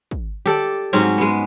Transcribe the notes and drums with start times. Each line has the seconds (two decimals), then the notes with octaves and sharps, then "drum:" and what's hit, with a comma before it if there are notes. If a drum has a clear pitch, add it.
0.11 drum: kick
0.46 G4 A4 D5, drum: tom D3
0.93 G#2 F#3 C4 C#4
1.18 G#3 B3